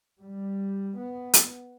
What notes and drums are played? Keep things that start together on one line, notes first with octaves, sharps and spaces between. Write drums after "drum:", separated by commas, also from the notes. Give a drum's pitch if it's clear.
G3
B3
drum: hi-hat